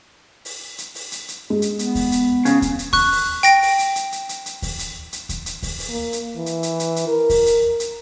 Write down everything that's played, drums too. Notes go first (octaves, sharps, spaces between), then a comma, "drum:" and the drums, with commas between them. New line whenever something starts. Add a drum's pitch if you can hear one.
drum: open hi-hat
drum: hi-hat
drum: open hi-hat
drum: hi-hat
drum: hi-hat
G#3
drum: hi-hat
B3, drum: hi-hat
drum: kick D#2, open hi-hat
drum: hi-hat
C#3, drum: hi-hat
drum: kick D#2, hi-hat
drum: hi-hat
C#6 F#6, drum: kick D#2, open hi-hat
drum: open hi-hat
G5 A#6 D7, drum: hi-hat
drum: open hi-hat
drum: hi-hat
drum: hi-hat
drum: hi-hat
drum: hi-hat
drum: hi-hat
drum: kick D#2, open hi-hat
drum: hi-hat
drum: hi-hat
drum: kick D#2, hi-hat
drum: hi-hat
drum: kick D#2, open hi-hat
drum: open hi-hat
A#3
drum: hi-hat
E3
drum: hi-hat
drum: hi-hat
drum: hi-hat
drum: hi-hat
A#4
drum: kick D#2, open hi-hat
drum: hi-hat
drum: hi-hat